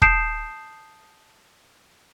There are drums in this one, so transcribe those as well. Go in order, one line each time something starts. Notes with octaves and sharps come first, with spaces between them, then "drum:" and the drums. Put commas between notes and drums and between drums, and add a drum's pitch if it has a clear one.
A5 D#6 G6 C7 D7 E7, drum: kick